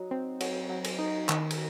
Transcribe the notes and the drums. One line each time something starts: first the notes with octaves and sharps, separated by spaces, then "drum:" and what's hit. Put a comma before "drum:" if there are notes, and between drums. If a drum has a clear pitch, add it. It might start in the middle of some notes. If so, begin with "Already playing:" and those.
Already playing: F#3 D#4
C4
F#3, drum: cymbal
F#3
drum: cymbal
D#4
D#3, drum: clap
drum: cymbal